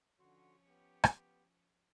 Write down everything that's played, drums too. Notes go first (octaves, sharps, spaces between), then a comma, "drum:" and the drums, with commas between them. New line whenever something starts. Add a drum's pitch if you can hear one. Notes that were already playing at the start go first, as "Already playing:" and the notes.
D3 F3 C#4 F#4 C#5 C6
B3 G4
drum: rim click